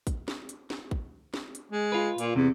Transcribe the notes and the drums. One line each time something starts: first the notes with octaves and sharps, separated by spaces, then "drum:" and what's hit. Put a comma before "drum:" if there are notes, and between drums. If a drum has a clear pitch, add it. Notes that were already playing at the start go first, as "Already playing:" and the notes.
drum: kick A1, hi-hat
drum: snare
drum: hi-hat
drum: snare
drum: kick A1
drum: snare
drum: hi-hat
G#3
F4 B4
A#2, drum: hi-hat
E2 C3